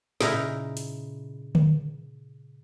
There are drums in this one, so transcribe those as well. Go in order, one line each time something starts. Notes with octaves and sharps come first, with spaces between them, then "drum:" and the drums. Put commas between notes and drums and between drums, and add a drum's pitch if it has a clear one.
A#2 C#3 D#4 E4 A#4, drum: snare
drum: hi-hat
drum: tom D3